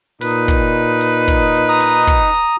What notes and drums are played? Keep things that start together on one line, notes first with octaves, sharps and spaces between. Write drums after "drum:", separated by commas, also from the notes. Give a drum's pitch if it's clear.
A#2 D#4 B4, drum: open hi-hat
drum: kick, hi-hat
drum: open hi-hat
drum: kick, hi-hat
drum: hi-hat
A#5 D#6
drum: open hi-hat
drum: kick, hi-hat
drum: hi-hat